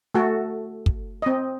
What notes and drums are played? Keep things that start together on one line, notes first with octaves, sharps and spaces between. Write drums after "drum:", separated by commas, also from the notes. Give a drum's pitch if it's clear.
A3 F#4 A4
drum: kick
C4 D#5